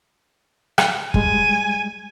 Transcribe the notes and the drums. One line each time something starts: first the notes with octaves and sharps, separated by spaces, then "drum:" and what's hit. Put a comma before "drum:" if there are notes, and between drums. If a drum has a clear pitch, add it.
drum: rim click
G3 G#3 G#5, drum: kick